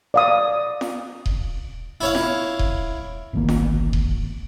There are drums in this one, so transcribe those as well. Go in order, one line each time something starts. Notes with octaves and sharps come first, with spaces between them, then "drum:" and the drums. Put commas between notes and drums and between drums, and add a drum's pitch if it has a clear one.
D5 F5 D#6
drum: snare
drum: kick D#1
E4 C#5 F5
drum: snare
drum: kick D#1
G1 C2 D#3 A#3
drum: snare
drum: kick D#1